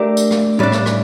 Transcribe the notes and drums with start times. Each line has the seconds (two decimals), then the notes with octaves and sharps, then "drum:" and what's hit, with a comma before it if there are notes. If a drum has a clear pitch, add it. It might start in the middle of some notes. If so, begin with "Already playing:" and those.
Already playing: A3 D4 G4 A#4
0.17 drum: tambourine
0.31 drum: rim click
0.59 A2 G3 D4
0.72 drum: rim click
0.86 drum: rim click